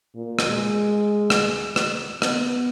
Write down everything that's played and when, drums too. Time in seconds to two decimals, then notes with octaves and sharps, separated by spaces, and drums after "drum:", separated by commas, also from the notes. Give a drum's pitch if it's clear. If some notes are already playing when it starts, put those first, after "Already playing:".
0.15 A#2
0.39 drum: rim click
0.50 G#3
1.30 drum: rim click
1.76 drum: rim click
2.22 B3, drum: rim click